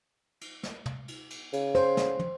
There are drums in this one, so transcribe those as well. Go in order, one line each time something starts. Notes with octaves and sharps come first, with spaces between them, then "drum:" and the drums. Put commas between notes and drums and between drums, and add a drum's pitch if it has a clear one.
drum: cymbal
drum: snare
drum: tom
drum: cymbal
drum: cymbal
C#3, drum: cymbal
C5, drum: cymbal
drum: snare
drum: tom